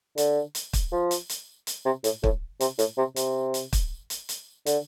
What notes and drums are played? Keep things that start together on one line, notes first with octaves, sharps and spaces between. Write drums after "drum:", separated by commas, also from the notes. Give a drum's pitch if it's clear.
D3, drum: hi-hat
drum: hi-hat
drum: kick, hi-hat
F3
drum: hi-hat
drum: hi-hat
drum: hi-hat
C3
A2, drum: hi-hat
A2, drum: kick
C3, drum: hi-hat
A2, drum: hi-hat
C3
C3, drum: hi-hat
drum: hi-hat
drum: kick, hi-hat
drum: hi-hat
drum: hi-hat
D3, drum: hi-hat